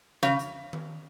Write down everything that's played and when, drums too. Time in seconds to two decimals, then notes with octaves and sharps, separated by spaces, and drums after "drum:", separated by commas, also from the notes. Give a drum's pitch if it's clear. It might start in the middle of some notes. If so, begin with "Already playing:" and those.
0.23 C#3, drum: snare
0.39 drum: hi-hat
0.73 drum: tom D#3